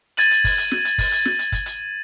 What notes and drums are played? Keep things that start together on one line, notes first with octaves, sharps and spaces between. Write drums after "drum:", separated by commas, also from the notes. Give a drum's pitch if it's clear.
G#6 A6 D#7 F#7, drum: hi-hat
drum: hi-hat
drum: kick, open hi-hat
drum: hi-hat
drum: snare
drum: hi-hat
drum: kick, open hi-hat
drum: hi-hat
drum: snare
drum: hi-hat
drum: kick, hi-hat
drum: hi-hat